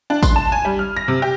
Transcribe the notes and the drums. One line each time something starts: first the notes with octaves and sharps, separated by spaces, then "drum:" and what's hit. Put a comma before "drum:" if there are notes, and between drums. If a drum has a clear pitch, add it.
D4
C6, drum: kick A1, tambourine
A5
G#5
G3
F6
A#6
C3
G4